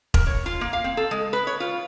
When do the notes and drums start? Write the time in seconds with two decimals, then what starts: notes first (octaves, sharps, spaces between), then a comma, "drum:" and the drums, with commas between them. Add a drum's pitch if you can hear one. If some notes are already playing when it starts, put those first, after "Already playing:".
0.14 A#4, drum: kick E1
0.27 C#5
0.46 F4
0.61 A#3
0.73 F5
0.84 C4
0.97 A4
1.11 G#3
1.33 B4
1.47 C#5
1.60 F4